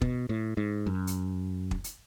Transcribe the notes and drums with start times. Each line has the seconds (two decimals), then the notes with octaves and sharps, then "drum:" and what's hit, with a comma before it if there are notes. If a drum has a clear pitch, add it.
0.01 B2, drum: kick
0.29 A2
0.57 G#2
0.87 F#2
1.07 drum: hi-hat
1.71 drum: kick
1.84 drum: hi-hat